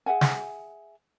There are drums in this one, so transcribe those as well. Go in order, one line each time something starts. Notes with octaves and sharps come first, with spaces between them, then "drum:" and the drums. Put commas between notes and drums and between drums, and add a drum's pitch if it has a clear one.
G#4 E5 F#5 G#5
drum: snare